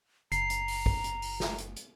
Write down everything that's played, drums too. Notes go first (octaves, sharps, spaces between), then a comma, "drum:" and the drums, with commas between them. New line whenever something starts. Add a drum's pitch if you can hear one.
F#1 A#5 C7, drum: hi-hat
drum: hi-hat
drum: open hi-hat
drum: kick
drum: hi-hat
drum: open hi-hat
drum: snare
drum: hi-hat
drum: hi-hat